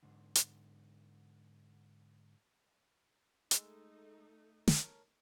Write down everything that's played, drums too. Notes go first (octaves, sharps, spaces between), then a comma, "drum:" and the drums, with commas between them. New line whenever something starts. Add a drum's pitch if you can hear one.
G#2 D3
drum: hi-hat
G#3 A3 D#4 E6, drum: hi-hat
A#4 C#5 A5, drum: snare